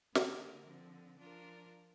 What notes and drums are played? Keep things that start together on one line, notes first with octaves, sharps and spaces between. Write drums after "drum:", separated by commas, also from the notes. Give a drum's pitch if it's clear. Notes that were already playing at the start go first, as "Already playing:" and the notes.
D3 A#3 G4 A#4, drum: snare
D3 F3 C4
F3 D4 F4 A#4